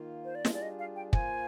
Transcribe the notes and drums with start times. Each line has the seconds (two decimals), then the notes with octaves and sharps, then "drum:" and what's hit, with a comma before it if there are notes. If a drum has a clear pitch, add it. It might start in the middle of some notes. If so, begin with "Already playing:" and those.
Already playing: D#3 A#3 F4
0.25 C5
0.35 D5
0.45 G3 D4 F4 G#4 D#5, drum: snare
0.54 D5
0.62 D#5
0.79 F5
0.96 G5
1.13 A#3 F4 C5 G#5, drum: kick